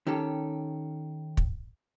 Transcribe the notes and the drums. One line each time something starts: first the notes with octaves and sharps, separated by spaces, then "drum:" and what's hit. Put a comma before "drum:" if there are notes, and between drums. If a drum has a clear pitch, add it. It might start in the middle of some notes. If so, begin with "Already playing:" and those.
D#3 C#4 G4 A4
drum: kick